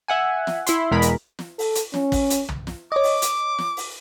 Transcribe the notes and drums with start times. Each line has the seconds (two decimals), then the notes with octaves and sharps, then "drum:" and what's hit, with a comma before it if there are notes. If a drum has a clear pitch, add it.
0.08 E5 F#5 G#5
0.47 drum: snare
0.66 E4 C6, drum: hi-hat
0.91 E2 B2 G#3 A#4 B5
1.02 drum: hi-hat
1.39 drum: snare
1.59 A4, drum: open hi-hat
1.75 drum: hi-hat
1.94 C#4, drum: snare
2.12 drum: kick, open hi-hat
2.30 drum: hi-hat
2.49 drum: tom
2.67 drum: snare
2.92 C#5 D#5 D6
3.04 drum: open hi-hat
3.22 drum: hi-hat
3.58 drum: snare
3.77 drum: open hi-hat